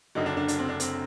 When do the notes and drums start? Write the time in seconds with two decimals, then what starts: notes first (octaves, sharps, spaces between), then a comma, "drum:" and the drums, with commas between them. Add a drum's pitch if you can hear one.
0.15 F#1 F#2 D3 D#4
0.26 D4
0.37 D4
0.48 D4, drum: hi-hat
0.59 C4
0.69 D4
0.80 C4, drum: hi-hat